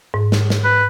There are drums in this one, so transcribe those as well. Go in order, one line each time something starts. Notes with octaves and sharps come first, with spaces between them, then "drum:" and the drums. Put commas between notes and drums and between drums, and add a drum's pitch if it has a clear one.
G#2
drum: snare
drum: snare
B4